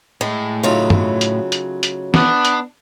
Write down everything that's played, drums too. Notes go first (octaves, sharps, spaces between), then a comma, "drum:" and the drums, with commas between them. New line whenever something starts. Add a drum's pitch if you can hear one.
A2 G#3
C#3 F#3 A3 D#4 F4
drum: tom
drum: hi-hat
drum: hi-hat
drum: hi-hat
B3 D4, drum: snare
drum: hi-hat